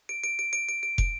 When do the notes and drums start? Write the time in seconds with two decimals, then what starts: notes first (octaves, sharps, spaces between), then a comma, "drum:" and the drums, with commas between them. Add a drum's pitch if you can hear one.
0.09 D7
0.24 D7
0.39 D7
0.53 D7
0.69 D7
0.83 D7
0.98 D7, drum: kick